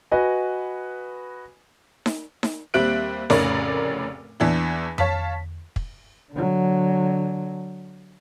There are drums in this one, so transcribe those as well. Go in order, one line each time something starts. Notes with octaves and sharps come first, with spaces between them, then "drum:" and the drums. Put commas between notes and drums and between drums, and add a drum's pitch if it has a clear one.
F#4 B4 D#5 G#5
drum: snare D#4
drum: snare D#4
D#2 G3 C4 E5 F#6 D7
F1 A2 C#3 C#4 A#4 D5, drum: snare D#4
E2 E3 D4 E4
C#5 F5 A5 B6, drum: tom F2
drum: kick
D3 F#3